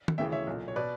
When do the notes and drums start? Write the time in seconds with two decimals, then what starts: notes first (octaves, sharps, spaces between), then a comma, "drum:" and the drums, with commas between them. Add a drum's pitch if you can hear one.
0.08 drum: tom
0.18 D2 C#3 E3 E5 G5
0.32 C#5 E5
0.47 B1 A#2
0.68 C#5
0.76 B2 B4 D5